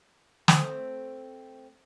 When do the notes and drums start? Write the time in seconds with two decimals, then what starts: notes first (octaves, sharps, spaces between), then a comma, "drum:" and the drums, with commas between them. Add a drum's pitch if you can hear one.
0.48 A3 C4 C5, drum: snare